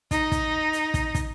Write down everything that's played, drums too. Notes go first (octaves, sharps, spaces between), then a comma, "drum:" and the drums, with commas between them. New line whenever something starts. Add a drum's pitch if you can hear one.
D#4, drum: kick, hi-hat
drum: kick, hi-hat
drum: hi-hat
drum: kick, hi-hat
drum: kick, hi-hat